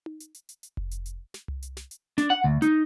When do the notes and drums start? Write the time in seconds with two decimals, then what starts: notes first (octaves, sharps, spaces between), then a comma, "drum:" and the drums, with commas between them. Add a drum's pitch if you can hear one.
0.06 drum: tom D#4
0.20 drum: hi-hat
0.34 drum: hi-hat
0.49 drum: hi-hat
0.63 drum: hi-hat
0.77 drum: kick F1
0.91 drum: hi-hat
1.06 drum: hi-hat
1.34 drum: snare
1.48 drum: tom C2
1.62 drum: hi-hat
1.77 drum: snare
1.91 drum: hi-hat
2.18 D4, drum: snare
2.30 F#5
2.44 D2
2.62 D#4, drum: hi-hat